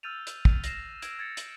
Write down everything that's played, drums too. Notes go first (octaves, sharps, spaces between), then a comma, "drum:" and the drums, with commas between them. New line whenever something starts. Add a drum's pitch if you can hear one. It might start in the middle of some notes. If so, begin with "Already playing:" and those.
E6 F6 G6 A6 D#7 F7
drum: hi-hat
drum: kick
A#6 C7 E7, drum: hi-hat
E6 G#6 D7, drum: hi-hat
G#6 A6 C#7
drum: hi-hat